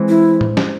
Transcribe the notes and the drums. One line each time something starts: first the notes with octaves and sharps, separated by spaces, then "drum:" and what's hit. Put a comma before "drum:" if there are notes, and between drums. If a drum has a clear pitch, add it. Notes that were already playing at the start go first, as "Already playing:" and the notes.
Already playing: E3 G#3 C4
E4
drum: tom A2
drum: snare